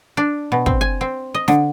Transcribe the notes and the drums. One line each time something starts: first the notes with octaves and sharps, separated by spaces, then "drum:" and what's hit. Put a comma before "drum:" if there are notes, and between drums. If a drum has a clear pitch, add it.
D4
B2
C4, drum: kick
G#5
C4
D#5
D3, drum: snare